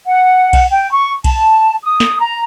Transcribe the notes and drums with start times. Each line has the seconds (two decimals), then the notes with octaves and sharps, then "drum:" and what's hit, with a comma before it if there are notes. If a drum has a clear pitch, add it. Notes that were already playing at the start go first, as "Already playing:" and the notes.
0.05 F#5
0.53 drum: kick B1, cymbal
0.71 G5
0.90 C#6
1.24 A5, drum: kick B1, cymbal
1.83 D#6
2.00 drum: snare
2.19 A#5